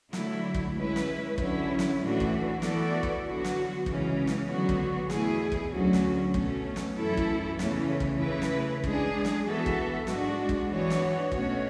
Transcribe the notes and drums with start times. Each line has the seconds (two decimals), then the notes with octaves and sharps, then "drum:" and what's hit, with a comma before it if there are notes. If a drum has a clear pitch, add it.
0.13 D3 F#3 A3 E4, drum: snare
0.54 drum: kick
0.75 G#3 C#4 E4 B4
0.96 drum: snare
1.38 D3 F#3 C#4 E4, drum: kick
1.79 drum: snare
2.00 A2 E3 A3 D4 F#4
2.20 drum: kick
2.62 E3 B3 F#4 A4 D5, drum: snare
3.03 drum: kick
3.24 D3 F#3 B3 F#4
3.45 drum: snare
3.86 C#3 E3 G#3 C#4, drum: kick
4.27 drum: snare
4.48 D3 F#3 B3 F#4
4.69 drum: kick
5.10 E2 B2 A3 E4 G#4, drum: snare
5.52 drum: kick
5.72 D2 D3 F#3 C#4 F#4
5.93 drum: snare
6.34 B2 A3 C#4, drum: kick
6.76 drum: snare
6.97 F#2 E3 A3 E4 A4
7.17 drum: kick
7.59 E2 C#3 E3 A3 C#4, drum: snare
8.00 drum: kick
8.21 C#3 E3 A3 E4 B4
8.42 drum: snare
8.84 G#3 D4 G#4, drum: kick
9.25 drum: snare
9.45 E3 B3 F#4 A4 E5
9.66 drum: kick
10.07 G#2 G#3 D4 F#4, drum: snare
10.49 drum: kick
10.70 E3 B3 D4 F#4 C#5
10.90 drum: snare
11.32 B2 A3 C#4 F#4 C#5, drum: kick